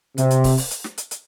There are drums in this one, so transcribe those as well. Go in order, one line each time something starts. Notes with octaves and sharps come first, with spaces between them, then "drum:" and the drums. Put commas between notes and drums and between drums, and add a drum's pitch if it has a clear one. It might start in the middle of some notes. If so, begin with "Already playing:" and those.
C3, drum: hi-hat
drum: hi-hat
drum: kick, open hi-hat
drum: open hi-hat
drum: hi-hat
drum: snare
drum: hi-hat
drum: hi-hat